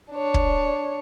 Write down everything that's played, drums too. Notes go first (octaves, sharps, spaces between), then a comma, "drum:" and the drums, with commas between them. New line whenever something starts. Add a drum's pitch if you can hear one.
D4 C#5
drum: kick